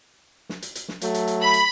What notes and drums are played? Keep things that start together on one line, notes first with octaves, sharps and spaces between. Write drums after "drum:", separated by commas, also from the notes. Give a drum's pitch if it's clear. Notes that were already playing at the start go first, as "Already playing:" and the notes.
drum: snare
drum: hi-hat
drum: hi-hat
drum: snare
F#3 A3, drum: hi-hat
drum: hi-hat
drum: hi-hat
B5
drum: hi-hat